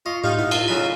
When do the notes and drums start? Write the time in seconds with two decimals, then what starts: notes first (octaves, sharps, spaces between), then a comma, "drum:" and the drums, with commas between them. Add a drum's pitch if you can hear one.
0.06 F4 D#5 C#6
0.24 A2 D#4 F4 G4 F5
0.39 B3 E4
0.51 F4, drum: cymbal
0.68 C#3 F#3 B5